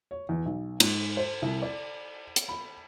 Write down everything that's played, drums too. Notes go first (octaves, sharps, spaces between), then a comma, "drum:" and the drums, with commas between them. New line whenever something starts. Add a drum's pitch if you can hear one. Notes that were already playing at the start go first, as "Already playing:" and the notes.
C#5
E2
B1
G#2, drum: cymbal
C5
C2
D5
drum: hi-hat
B5